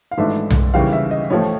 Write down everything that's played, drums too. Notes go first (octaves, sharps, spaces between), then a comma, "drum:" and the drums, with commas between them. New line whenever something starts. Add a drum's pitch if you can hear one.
F5
G#1 G#2 E3 A3 D4 E5
drum: tom B1
D#2 C#3 E3 G3 F5
E5
D#5
A1 A2 F3 A3 C#5